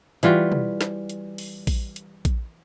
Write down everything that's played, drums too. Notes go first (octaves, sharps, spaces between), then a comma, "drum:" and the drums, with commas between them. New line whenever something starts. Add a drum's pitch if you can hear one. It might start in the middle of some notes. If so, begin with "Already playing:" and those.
E3 G3 F4 F#4, drum: hi-hat
drum: tom B2
drum: snare
drum: hi-hat
drum: open hi-hat
drum: kick A#1, open hi-hat
drum: hi-hat
drum: kick A#1, hi-hat